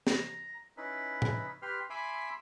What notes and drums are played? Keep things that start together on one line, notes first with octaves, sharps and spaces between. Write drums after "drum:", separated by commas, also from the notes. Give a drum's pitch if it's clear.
A#5, drum: snare
C#4 D#4 E4 B4
drum: tom A2
G4 B4 C6 F6
E5 G#5 B5 C6 D6